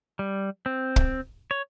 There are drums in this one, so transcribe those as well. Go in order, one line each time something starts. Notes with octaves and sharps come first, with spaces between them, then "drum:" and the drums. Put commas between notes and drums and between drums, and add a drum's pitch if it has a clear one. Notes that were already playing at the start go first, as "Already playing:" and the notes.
G3
C4
drum: kick
C#5